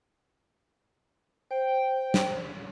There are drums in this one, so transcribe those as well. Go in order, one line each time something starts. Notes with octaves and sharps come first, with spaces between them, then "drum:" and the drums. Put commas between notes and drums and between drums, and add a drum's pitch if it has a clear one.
C5 G5
drum: snare